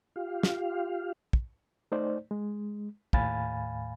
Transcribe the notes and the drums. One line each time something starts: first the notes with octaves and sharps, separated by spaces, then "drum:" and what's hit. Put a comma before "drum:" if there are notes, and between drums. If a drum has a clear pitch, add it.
F4 G4 F5
drum: snare
drum: kick
A3 D#4 C5 D5
G#3
D#2 A2 F5 G#5 B5 A6, drum: kick